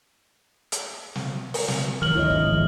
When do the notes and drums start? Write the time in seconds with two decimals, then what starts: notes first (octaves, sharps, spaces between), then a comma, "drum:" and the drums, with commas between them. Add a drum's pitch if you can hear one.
0.72 drum: hi-hat
1.15 drum: snare
1.54 drum: open hi-hat
1.68 drum: snare
2.02 D#3 F3 F#3 F6 F#7
2.15 D2 E4 C#5 D#5
2.30 G#1
2.50 F3